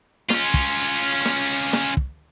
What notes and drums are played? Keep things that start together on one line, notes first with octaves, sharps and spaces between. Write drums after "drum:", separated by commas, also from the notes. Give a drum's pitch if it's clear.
C#4 F4, drum: snare
drum: kick
drum: snare
drum: snare
drum: kick